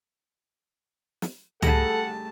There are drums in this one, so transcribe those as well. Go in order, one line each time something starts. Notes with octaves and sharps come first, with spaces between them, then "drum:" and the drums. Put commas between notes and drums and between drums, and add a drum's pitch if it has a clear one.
drum: snare
G3 A3 G#4 A4 F#5 A5 A#5, drum: tom